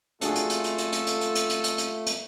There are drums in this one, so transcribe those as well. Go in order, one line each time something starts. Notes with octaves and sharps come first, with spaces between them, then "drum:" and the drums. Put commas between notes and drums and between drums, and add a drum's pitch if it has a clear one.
A3 D4 F4 F#4 G#4 A4, drum: hi-hat
drum: hi-hat
drum: hi-hat
drum: hi-hat
drum: hi-hat
drum: hi-hat
drum: hi-hat
drum: hi-hat
drum: hi-hat
drum: hi-hat
drum: hi-hat
drum: hi-hat
drum: hi-hat